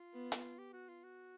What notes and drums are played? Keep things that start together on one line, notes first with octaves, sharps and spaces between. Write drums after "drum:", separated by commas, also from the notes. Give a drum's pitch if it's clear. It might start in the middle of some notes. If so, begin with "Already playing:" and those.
Already playing: F4
B3
drum: hi-hat
G4
F#4
F4
F#4